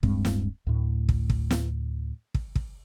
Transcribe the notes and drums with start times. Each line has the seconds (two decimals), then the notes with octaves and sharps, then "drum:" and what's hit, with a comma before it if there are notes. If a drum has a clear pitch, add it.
0.03 D1 G2 G#3 C4, drum: kick
0.25 drum: snare
0.67 D2 A2
1.09 drum: kick
1.30 drum: kick
1.51 drum: snare
2.34 drum: kick
2.55 drum: kick